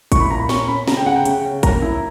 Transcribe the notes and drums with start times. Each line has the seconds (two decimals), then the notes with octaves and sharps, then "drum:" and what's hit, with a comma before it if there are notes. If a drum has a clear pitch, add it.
0.12 E4 C#6, drum: kick, hi-hat
0.20 B5
0.30 A#2 A#5
0.40 B5
0.49 C#4 C#6, drum: snare
0.68 C#4 B5
0.88 C#3 A#5, drum: snare
0.97 G5
1.06 C#3 F#5
1.16 G5
1.25 C#3, drum: hi-hat
1.45 C#4
1.63 A#3 A#5, drum: kick, hi-hat
1.82 E4